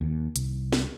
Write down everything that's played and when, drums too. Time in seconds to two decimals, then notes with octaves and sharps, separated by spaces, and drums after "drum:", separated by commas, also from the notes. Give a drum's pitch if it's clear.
0.01 D#2
0.36 C2, drum: hi-hat
0.72 drum: snare